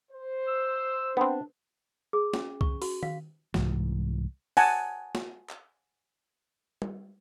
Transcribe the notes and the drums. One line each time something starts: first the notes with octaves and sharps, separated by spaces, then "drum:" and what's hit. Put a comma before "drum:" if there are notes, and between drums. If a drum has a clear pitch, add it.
C5
E6
B3 C4 D4
G#4
C#4, drum: snare
C#6, drum: kick C2
F#4, drum: open hi-hat
F5, drum: tom D#3
C2 G#2 E3, drum: snare
F#5 G#5 A5, drum: open hi-hat
drum: snare
drum: clap
drum: tom